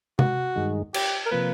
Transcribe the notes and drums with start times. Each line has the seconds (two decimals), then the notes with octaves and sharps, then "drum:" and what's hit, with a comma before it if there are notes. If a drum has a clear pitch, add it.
0.19 F#4, drum: tom C3
0.56 G2 D#3 G#3
0.94 G4, drum: cymbal
1.26 A#4
1.31 C3 F3 A#3 B4